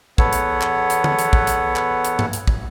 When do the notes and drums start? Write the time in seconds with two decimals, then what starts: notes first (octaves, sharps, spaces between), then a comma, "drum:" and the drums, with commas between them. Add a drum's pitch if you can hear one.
0.18 E2 B3 A4 B4 C#5 F#5, drum: kick
0.33 drum: hi-hat
0.61 drum: clap
0.90 drum: hi-hat
1.04 drum: tom
1.19 drum: hi-hat
1.33 drum: kick
1.47 drum: hi-hat
1.76 drum: clap
2.05 drum: hi-hat
2.19 drum: tom G2
2.33 drum: hi-hat
2.48 drum: kick